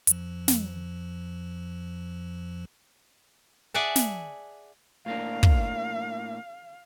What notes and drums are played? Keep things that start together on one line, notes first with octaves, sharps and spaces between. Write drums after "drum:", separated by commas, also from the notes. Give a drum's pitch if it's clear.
F2 F3, drum: hi-hat
drum: snare
G#4 D5 E5 F#5 G#5 A5
drum: snare
A2 A#3 D4 F5
drum: kick